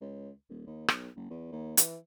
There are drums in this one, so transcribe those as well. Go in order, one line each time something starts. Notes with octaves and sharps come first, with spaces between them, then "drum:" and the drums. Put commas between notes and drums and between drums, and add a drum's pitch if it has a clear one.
C#2
D#1
D#2
B1, drum: rim click
F#1
E2
D#2
E3, drum: hi-hat